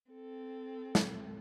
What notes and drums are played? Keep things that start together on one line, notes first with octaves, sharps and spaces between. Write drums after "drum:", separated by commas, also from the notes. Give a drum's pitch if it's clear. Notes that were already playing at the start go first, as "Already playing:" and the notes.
C4 A4
drum: snare